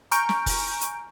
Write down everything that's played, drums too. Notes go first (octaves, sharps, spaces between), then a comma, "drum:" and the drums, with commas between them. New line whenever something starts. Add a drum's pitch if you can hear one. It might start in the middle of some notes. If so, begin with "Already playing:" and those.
G#5 A#5 C#6 F6 G6 D7, drum: hi-hat
drum: snare
drum: kick F1, open hi-hat
drum: hi-hat